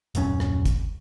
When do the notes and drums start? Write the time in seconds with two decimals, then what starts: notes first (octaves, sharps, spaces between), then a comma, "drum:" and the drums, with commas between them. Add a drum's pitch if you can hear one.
0.15 D#1 F#2 G3 C#4, drum: hi-hat
0.40 drum: rim click
0.66 drum: kick, hi-hat